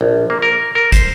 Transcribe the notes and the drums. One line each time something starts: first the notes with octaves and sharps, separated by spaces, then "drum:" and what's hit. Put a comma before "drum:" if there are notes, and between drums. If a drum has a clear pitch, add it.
A#1
A#3
A#4
A#4
C5, drum: kick, hi-hat